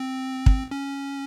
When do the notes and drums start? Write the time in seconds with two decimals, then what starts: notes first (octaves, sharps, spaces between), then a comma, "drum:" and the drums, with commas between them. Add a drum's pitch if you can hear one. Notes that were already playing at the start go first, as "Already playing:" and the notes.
Already playing: C4
0.46 drum: kick
0.71 C#4